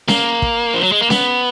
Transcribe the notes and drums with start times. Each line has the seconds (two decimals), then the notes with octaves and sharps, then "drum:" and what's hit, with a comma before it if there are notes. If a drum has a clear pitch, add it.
0.08 A#3, drum: snare C#4
0.42 drum: kick
0.74 F3
0.83 F#3
0.92 G#3
1.01 A#3
1.10 B3, drum: snare C#4